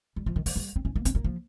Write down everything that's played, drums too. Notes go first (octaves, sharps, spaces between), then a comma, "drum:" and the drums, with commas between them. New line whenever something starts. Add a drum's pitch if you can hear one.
G3
F3
D#3
F3, drum: open hi-hat
G3
C4
C#4
A#3
C4, drum: hi-hat
A#3
F3